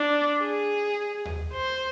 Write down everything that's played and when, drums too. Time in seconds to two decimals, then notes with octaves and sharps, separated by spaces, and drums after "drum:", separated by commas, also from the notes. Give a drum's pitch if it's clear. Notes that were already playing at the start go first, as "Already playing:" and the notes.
Already playing: D4
0.42 G#4
1.25 drum: tom D#2
1.53 C5